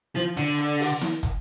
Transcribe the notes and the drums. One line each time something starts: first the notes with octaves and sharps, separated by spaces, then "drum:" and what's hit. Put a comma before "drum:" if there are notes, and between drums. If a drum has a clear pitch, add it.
F3
D3, drum: hi-hat
drum: hi-hat
drum: open hi-hat
drum: snare
drum: kick, hi-hat